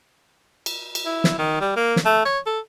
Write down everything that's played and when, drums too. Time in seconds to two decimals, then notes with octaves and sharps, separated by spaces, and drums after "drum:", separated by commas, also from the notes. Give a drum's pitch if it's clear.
0.66 drum: cymbal
0.95 drum: cymbal
1.06 E4
1.24 drum: snare
1.38 D#3
1.61 G3
1.76 A#3
1.96 drum: snare
2.05 A3
2.25 C#5
2.46 A4